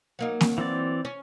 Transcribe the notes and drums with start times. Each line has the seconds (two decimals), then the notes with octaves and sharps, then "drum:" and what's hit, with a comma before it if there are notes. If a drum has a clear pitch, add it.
0.19 F#3 A#3 D#4
0.41 drum: snare A#3
0.58 E3 C4 D5
1.05 C#4